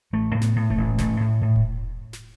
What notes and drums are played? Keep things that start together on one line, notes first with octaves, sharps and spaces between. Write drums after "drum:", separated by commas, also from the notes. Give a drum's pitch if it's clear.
A1 A3
A2
B3, drum: snare
A2
A3, drum: kick E1
A1
A1 A3, drum: snare
A2
A2
drum: kick E1
drum: snare